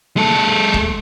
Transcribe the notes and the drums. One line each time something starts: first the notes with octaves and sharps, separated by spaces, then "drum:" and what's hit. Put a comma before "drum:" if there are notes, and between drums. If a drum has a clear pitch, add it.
G#3 A4
drum: kick